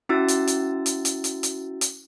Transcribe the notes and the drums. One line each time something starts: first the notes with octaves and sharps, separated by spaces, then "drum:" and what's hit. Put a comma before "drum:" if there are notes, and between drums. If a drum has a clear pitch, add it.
C#4 E4 F#4 E6 A6
drum: hi-hat
drum: hi-hat
drum: hi-hat
drum: hi-hat
drum: hi-hat
drum: hi-hat
drum: hi-hat